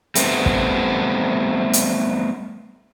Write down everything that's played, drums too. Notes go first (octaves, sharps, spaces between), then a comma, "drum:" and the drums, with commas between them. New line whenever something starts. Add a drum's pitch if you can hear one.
G3 A3 B3 C4, drum: hi-hat
drum: kick
drum: hi-hat